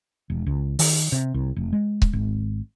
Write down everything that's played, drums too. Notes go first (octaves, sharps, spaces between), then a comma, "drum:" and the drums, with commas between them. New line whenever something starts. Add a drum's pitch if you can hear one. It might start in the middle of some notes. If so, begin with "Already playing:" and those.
E1
C#2
D#3, drum: open hi-hat
C3
C2
F1
G#3
drum: kick C#1
G#1